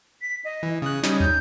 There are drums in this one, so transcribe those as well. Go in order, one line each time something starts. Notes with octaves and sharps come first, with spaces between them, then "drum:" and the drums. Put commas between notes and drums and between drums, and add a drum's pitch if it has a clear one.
B6
D#5
E3
C#3 D#6 F#6
G3 C#4 D#4, drum: snare
G6, drum: tom